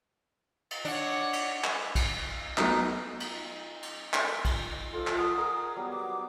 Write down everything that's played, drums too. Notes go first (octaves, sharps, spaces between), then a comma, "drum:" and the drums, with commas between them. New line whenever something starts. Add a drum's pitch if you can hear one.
drum: cymbal
D4 C#5 F#5
drum: cymbal
drum: clap
drum: kick A#1, cymbal
F#3 A3 B3 D#4, drum: clap
drum: cymbal
drum: cymbal
drum: clap
drum: kick A#1, cymbal
F3 F4 A4
drum: clap
F#5 D#6
G#4 A#4 G#5
F#3 G3 B3
B3 D6